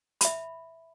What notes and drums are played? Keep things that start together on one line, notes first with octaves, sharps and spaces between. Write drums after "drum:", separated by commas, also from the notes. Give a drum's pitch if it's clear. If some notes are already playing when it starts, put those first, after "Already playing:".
E5 B5, drum: hi-hat